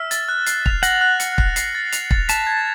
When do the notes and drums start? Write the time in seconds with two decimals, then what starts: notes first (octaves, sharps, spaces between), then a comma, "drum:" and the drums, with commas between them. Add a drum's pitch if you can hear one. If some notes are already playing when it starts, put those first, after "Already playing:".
Already playing: E5 F6
0.11 A6, drum: hi-hat
0.29 F#6
0.46 C7, drum: hi-hat
0.66 F7, drum: kick
0.83 F#5 A#6, drum: hi-hat
1.01 F#6
1.20 C#7, drum: hi-hat
1.38 F#6, drum: kick
1.56 C7, drum: hi-hat
1.75 A6
1.92 F7, drum: hi-hat
2.11 A6, drum: kick
2.29 A5 B6, drum: hi-hat
2.47 G#6